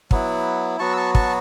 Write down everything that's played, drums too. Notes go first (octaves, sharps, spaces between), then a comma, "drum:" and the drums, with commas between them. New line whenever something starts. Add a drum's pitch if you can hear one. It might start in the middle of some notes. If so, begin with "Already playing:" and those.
F#3 B3 E4, drum: kick
F#3 B3 F#4 A5 C#6
E6
A5 C#6
A5 C#6, drum: kick